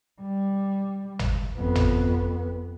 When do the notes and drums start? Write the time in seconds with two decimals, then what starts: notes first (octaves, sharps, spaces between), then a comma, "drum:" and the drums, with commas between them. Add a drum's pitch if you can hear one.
0.21 G3
1.19 drum: tom
1.58 F2 B3
1.75 drum: tom